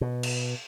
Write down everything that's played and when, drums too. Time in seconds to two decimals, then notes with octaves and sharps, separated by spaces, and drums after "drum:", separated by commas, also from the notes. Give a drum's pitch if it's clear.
0.01 B2
0.23 drum: cymbal